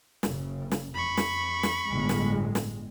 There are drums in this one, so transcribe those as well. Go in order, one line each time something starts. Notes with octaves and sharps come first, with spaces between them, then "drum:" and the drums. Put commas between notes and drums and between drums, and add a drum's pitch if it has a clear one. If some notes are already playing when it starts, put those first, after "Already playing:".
F#1 C#3, drum: snare
drum: snare
F2 B5 C#6
drum: snare
drum: snare
G1 A2 G#3
drum: snare
drum: snare